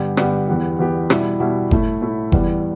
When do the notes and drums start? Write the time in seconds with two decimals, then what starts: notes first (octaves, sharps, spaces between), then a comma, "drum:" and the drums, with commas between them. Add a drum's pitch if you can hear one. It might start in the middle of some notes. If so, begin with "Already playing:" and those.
Already playing: G2 D3 B3 G4
0.17 G2 D3 B3 G4, drum: rim click
0.48 E2 E3 B3 G4
0.79 E2 E3 B3 G4
1.10 B2 G3 E4, drum: rim click
1.40 B2 G3 E4
1.71 A2 A3 E4, drum: kick F#1
2.02 A2 A3 E4
2.32 E2 E3 G3 B3, drum: kick F#1